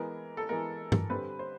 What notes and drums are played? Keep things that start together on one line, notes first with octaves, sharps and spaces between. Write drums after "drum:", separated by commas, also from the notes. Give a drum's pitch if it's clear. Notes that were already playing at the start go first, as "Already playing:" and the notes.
Already playing: E3 G#3 B3 A#4
A4
E3 G#3 B3 A#4
drum: tom G2
D3 G3 C4 B4
C5